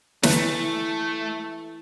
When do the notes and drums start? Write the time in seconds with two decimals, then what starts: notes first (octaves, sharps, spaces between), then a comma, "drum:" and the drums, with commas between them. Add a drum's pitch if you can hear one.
0.23 E3 A3 B4, drum: snare